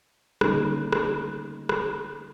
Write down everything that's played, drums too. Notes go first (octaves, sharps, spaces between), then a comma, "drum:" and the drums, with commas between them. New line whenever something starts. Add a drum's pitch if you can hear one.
D3 G3 A3 A#3 C#4 D#4, drum: rim click
drum: rim click
drum: rim click